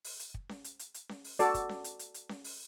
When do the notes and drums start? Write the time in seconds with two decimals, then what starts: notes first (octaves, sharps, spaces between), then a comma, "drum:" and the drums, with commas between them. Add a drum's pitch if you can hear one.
0.04 drum: open hi-hat
0.19 drum: hi-hat
0.34 drum: kick
0.49 drum: snare C#4
0.64 drum: hi-hat
0.79 drum: hi-hat
0.94 drum: hi-hat
1.09 drum: snare C#4
1.24 drum: open hi-hat
1.39 F#4 A4 D5, drum: hi-hat
1.54 drum: kick, hi-hat
1.69 drum: snare C#4
1.84 drum: hi-hat
1.99 drum: hi-hat
2.14 drum: hi-hat
2.29 drum: snare C#4
2.44 drum: open hi-hat